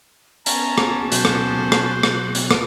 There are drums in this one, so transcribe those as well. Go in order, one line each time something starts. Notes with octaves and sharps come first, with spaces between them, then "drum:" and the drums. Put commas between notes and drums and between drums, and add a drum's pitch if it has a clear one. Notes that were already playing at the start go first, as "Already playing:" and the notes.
B3 C#4 A5 A#5, drum: hi-hat
drum: rim click
B2 F#3 C5 F#6, drum: hi-hat
drum: rim click
drum: rim click
drum: rim click
drum: hi-hat
drum: rim click